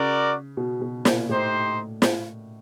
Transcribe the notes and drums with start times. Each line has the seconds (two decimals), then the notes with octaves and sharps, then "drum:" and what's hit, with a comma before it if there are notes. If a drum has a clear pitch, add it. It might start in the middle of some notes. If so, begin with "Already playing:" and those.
Already playing: C#3 F#4 A#4 D5
0.57 B2
0.82 B2
1.05 A#2, drum: snare
1.29 A2 D#4 G4 C5
2.02 drum: snare